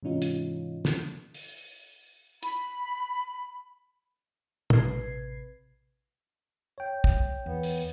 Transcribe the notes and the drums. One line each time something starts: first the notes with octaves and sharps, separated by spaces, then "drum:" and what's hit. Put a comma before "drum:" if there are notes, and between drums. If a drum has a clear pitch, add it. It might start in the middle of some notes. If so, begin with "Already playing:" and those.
G#2 C3 E3 C#4 D#4 F4
drum: hi-hat
drum: snare
drum: open hi-hat
B5, drum: hi-hat
A1 C3 B4 G#6 C7, drum: tom
C#5 G5
drum: kick
E2 B3
drum: open hi-hat